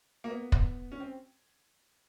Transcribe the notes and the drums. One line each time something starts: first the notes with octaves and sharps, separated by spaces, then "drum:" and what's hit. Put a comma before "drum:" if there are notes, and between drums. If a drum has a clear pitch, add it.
A#3
B3
drum: kick
C#4
C4